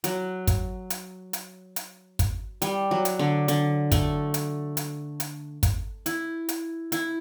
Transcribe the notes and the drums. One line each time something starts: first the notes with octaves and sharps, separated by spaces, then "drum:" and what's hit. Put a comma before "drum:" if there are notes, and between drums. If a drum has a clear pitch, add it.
F#3, drum: hi-hat
drum: kick, hi-hat
drum: hi-hat
drum: hi-hat
drum: hi-hat
drum: kick, hi-hat
G3, drum: hi-hat
F#3
drum: hi-hat
D3
D3, drum: hi-hat
A3, drum: kick, hi-hat
drum: hi-hat
drum: hi-hat
drum: hi-hat
drum: kick, hi-hat
E4, drum: hi-hat
drum: hi-hat
E4, drum: hi-hat